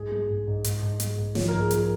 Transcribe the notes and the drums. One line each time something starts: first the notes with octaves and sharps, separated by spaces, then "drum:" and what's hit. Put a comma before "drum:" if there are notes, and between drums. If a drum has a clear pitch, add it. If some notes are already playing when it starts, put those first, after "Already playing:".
Already playing: G#2 G#4
G#3
G#2
G#2
G#2, drum: hi-hat
G#2
G#3, drum: hi-hat
G#2
F3 C#5, drum: snare
A#4
G#2
G#4
F3 A#4, drum: hi-hat